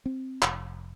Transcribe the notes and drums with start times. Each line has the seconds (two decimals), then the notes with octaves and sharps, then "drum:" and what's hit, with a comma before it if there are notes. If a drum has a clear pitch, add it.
0.06 C4
0.42 F1, drum: clap